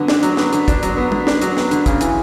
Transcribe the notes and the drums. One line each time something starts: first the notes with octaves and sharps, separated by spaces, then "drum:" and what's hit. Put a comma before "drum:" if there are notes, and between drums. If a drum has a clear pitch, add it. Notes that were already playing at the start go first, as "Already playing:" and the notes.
Already playing: D3 F#3 B3
D4, drum: snare
F#3, drum: hi-hat
B3, drum: snare
D3, drum: hi-hat
D4, drum: kick, hi-hat
F#3, drum: hi-hat
B3
D3, drum: tom
D4, drum: snare
F#3, drum: hi-hat
B3, drum: snare
D3, drum: hi-hat
C#3, drum: kick, hi-hat
E3, drum: hi-hat